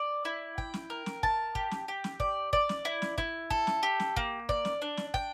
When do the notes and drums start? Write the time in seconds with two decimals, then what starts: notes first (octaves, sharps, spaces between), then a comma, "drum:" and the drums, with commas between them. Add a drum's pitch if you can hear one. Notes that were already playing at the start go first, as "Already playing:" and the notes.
Already playing: D5
0.25 E4
0.58 G5, drum: kick
0.74 drum: snare
0.90 A#4
1.06 drum: snare
1.23 A5, drum: kick
1.55 G4, drum: kick
1.71 drum: snare
1.88 G4
2.04 drum: snare
2.20 D5, drum: kick
2.53 D5, drum: kick
2.69 drum: snare
2.85 E4
3.02 drum: snare
3.18 E4, drum: kick
3.50 A4, drum: kick
3.67 drum: snare
3.83 G4
4.00 drum: snare
4.16 A#3, drum: kick
4.49 D5, drum: kick
4.65 drum: snare
4.82 D4
4.97 drum: snare
5.14 G5, drum: kick